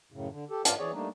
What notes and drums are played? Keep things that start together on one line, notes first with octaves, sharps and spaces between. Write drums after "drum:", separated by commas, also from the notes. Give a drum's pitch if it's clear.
F#2 A2 C#3
D3
G4 A4
G#2 F4 D5 F5 A5, drum: hi-hat
E3 G#4 C#5 D5
G3 A3 A#3 D4 D#4